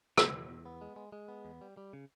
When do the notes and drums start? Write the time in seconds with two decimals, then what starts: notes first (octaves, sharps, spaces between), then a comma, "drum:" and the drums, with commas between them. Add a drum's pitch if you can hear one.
0.18 B2, drum: rim click
0.33 E2
0.49 E2
0.66 B3
0.81 G#3
0.96 G#3
1.12 G#3
1.28 B3
1.45 E2
1.61 G3
1.77 G3
1.93 C#3